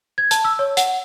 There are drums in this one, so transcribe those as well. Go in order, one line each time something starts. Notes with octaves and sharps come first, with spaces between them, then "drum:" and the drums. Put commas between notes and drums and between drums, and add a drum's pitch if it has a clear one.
G#6
A5, drum: hi-hat
E6
C#5
F#5, drum: hi-hat